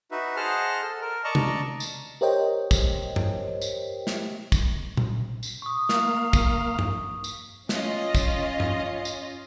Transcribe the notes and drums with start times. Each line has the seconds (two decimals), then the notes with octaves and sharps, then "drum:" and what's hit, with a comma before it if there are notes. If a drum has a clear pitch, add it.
0.11 D#4 F#4 B4 E5
0.36 G#4 C5 D#5 F#5 A5 F6
0.82 A4
1.01 A#4
1.24 D5 D#5 A5 A#5 C#6
1.35 drum: tom
1.80 drum: tambourine
2.21 G4 A#4 C5 C#5 D#5 G5
2.71 drum: kick, tambourine
3.16 drum: tom G2
3.62 drum: tambourine
4.07 drum: snare
4.52 drum: kick, tambourine
4.97 drum: tom A#2
5.43 drum: tambourine
5.62 C#6 D#6
5.89 A#3 F5, drum: snare
6.33 drum: kick, tambourine
6.79 drum: tom G2
7.24 drum: tambourine
7.69 C#4 F4 D#5, drum: snare
8.15 drum: kick, tambourine
8.60 drum: tom G2
9.05 drum: tambourine